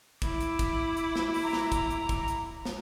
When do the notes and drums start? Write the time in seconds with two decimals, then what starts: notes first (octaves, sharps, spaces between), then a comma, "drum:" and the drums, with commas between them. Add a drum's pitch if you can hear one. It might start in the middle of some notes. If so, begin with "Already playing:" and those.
0.22 E4 D6, drum: kick, hi-hat
0.41 drum: hi-hat
0.59 drum: kick, hi-hat
0.97 drum: hi-hat
1.15 drum: snare
1.34 drum: open hi-hat
1.43 A#5
1.53 drum: snare
1.72 drum: kick, hi-hat
1.90 drum: hi-hat
2.09 drum: kick, hi-hat
2.28 drum: hi-hat
2.65 drum: snare